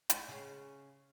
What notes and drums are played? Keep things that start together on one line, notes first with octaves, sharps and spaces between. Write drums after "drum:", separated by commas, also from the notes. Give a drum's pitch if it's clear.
G#3, drum: hi-hat
C#3